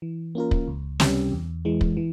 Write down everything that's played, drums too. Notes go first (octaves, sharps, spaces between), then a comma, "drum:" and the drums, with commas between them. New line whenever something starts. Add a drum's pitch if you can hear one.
E3
A#3 C#4 F4 A#4
drum: kick
C#2
C3 G3 C#4 G4, drum: snare
E2
E3 G#3
drum: kick
E3